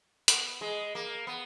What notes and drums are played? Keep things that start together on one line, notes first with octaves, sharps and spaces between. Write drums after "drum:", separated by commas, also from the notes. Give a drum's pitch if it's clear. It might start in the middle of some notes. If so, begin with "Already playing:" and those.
B3, drum: hi-hat
G#3
A#3
B3